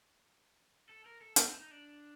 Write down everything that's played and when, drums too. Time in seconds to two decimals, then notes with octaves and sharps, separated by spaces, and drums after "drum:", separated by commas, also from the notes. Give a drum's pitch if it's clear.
0.89 A4
1.06 A#4
1.21 A4
1.36 A4, drum: hi-hat
1.48 C4
1.59 D#4
1.71 D4